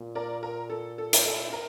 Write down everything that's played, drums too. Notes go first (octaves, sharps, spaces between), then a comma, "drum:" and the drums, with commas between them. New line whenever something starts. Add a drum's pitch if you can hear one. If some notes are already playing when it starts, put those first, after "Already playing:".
Already playing: A#2
A#4 D5
A#4
A4
A4
A#4, drum: hi-hat
A4
A#4